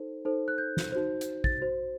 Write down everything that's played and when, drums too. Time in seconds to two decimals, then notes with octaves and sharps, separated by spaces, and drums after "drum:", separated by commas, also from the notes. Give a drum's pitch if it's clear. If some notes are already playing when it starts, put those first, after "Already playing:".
Already playing: D#4 A4 C5
0.25 D#4 A4 C5
0.48 F#6
0.58 G6
0.77 drum: snare
0.92 D#4 F#4 C5
1.21 drum: hi-hat
1.44 A6, drum: kick
1.61 F#4 C5